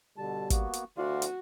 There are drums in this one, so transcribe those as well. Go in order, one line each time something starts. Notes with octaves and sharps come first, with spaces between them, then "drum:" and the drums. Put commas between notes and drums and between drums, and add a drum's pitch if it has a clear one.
B2 D3 G3 A5
A#3 B3 F#4, drum: kick, hi-hat
drum: hi-hat
D2 F#4 D5 F5 C6
drum: hi-hat